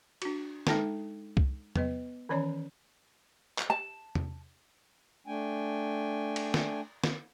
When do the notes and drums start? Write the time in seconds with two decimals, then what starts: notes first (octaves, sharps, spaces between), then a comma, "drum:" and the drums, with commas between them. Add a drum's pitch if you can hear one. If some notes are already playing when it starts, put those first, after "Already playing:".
0.22 D4 F#4, drum: cymbal
0.67 G#3 D#4 A4 G5 A5, drum: snare
1.37 drum: kick C2
1.76 B3 B4 D#5, drum: tom
2.29 D#3 E3 C#4 C#5 D5 A#5
3.58 drum: clap
3.70 A5
4.15 drum: tom
5.27 A3 D4 G5 G#5
6.36 drum: cymbal
6.54 drum: snare
7.04 drum: snare